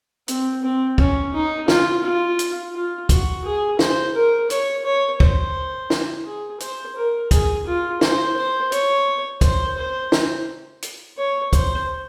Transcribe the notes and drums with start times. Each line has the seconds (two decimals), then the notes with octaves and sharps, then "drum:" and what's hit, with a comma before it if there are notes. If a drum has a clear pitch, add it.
0.28 C4, drum: hi-hat
0.63 C4
0.98 C#4, drum: kick
1.34 D#4
1.68 F4, drum: snare
2.04 F4
2.39 drum: hi-hat
2.74 F4
3.09 F#4, drum: kick, hi-hat
3.44 G#4
3.79 C5, drum: snare
4.15 A#4
4.50 C#5, drum: hi-hat
4.85 C#5
5.20 C5, drum: kick
5.90 drum: snare
6.26 G#4
6.60 C5, drum: hi-hat
6.96 A#4
7.31 G#4, drum: kick, hi-hat
7.66 F4
8.01 C5, drum: snare
8.36 C5
8.72 C#5, drum: hi-hat
9.41 C5, drum: kick, hi-hat
9.77 C5
10.12 drum: snare
10.82 drum: hi-hat
11.17 C#5
11.53 C5, drum: kick, hi-hat